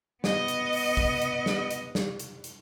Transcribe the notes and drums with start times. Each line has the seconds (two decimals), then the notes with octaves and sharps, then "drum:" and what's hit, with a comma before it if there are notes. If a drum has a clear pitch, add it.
0.24 B3 D#5, drum: snare
0.48 drum: hi-hat
0.73 drum: open hi-hat
0.97 drum: kick
1.22 drum: hi-hat
1.46 drum: snare
1.71 drum: hi-hat
1.95 drum: snare
2.19 drum: hi-hat
2.44 drum: hi-hat